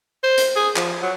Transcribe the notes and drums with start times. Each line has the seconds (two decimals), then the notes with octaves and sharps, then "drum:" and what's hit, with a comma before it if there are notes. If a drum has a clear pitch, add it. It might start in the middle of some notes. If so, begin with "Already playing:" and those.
0.23 C5
0.38 drum: hi-hat
0.56 G#4
0.76 F3, drum: clap
1.02 F#3